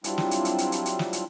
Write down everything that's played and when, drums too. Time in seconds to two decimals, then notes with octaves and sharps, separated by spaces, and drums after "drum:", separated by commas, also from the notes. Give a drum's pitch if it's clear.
0.04 F#3 G3 C4 D4 E4 F4, drum: hi-hat
0.18 drum: snare
0.31 drum: hi-hat
0.45 drum: hi-hat
0.58 drum: hi-hat
0.72 drum: hi-hat
0.86 drum: hi-hat
0.99 drum: snare
1.13 drum: hi-hat